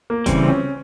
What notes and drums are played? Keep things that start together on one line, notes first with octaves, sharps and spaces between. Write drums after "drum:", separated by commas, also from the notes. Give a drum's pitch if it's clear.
A#3
C#3 E3 G3 C4, drum: kick F1, hi-hat
C4
C#4